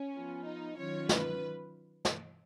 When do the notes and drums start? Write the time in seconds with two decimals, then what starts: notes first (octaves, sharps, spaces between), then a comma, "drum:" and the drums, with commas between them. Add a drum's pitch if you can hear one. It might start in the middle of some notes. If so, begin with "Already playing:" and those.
Already playing: C#4
0.13 F3 B3 F4
0.45 D#4
0.77 D#3 F#3 C#4 F4 C#5
1.09 B4, drum: snare
2.05 drum: snare